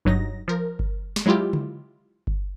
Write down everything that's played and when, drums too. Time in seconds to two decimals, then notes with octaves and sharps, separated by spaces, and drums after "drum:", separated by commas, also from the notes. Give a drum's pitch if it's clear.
0.05 G2 F#3 D#4 A#6, drum: kick G1
0.48 F3 A#4
0.79 drum: kick G1
1.16 drum: snare
1.26 F#3 G#3 E4 F4 G4
1.53 drum: tom C#3
2.27 drum: kick G1